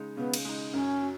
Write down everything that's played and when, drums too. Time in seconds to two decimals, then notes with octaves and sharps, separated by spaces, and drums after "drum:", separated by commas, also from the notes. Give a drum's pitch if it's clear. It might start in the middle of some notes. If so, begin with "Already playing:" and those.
Already playing: C#3 G#3 D#4
0.17 C#3 B3
0.34 drum: cymbal
0.45 G#3 D#4
0.73 F#2 C#4
1.02 F#3